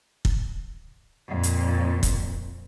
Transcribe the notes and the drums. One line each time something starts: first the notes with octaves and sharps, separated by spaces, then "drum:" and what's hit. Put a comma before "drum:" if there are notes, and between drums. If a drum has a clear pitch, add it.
drum: kick
F2 A#2
drum: hi-hat
drum: kick, hi-hat